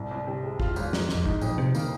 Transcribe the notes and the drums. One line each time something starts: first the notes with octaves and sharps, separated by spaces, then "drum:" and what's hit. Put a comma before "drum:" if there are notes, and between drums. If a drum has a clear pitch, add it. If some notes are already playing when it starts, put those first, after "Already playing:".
Already playing: C2 G#2
C2
C3
G#3
F2 F4, drum: kick
G#1, drum: tambourine
G#2, drum: snare
G#3, drum: snare
F2
G#2 D#4, drum: kick
F2 A#2, drum: tambourine
C3 F3
D#3 A#3, drum: tambourine